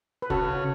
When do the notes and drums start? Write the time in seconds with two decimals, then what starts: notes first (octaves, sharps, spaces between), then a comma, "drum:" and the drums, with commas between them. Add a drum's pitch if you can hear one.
0.22 B4
0.30 C#3 F#4 A4, drum: kick